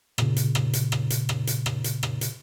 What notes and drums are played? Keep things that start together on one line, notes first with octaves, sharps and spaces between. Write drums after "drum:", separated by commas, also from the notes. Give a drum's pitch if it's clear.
A#2 C#3, drum: rim click
drum: hi-hat
drum: rim click
drum: hi-hat
drum: rim click
drum: hi-hat
drum: rim click
drum: hi-hat
drum: rim click
drum: hi-hat
drum: rim click
drum: hi-hat